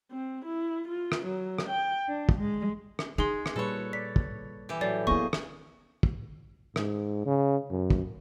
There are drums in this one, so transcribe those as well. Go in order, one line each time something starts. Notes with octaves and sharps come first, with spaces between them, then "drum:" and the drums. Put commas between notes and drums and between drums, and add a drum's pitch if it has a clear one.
C4
E4
F4
drum: rim click
F#3
drum: rim click
G5
D4
drum: kick
G#3
drum: rim click
G#3 D#4 G#4 C6
drum: rim click
A#2 G3 A4 B4 C#5
D5 B6
drum: kick
E3 G4
A2 F#3 D5
A#3 B3 E4 G#4 D#5 C#6
drum: rim click
drum: kick
G#2, drum: rim click
C#3
F#2
drum: kick